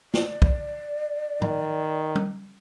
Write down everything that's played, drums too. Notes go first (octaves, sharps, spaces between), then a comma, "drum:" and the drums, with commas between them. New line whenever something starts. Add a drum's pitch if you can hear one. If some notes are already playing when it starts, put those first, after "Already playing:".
D5, drum: snare
drum: kick
D#3, drum: tom
drum: tom G3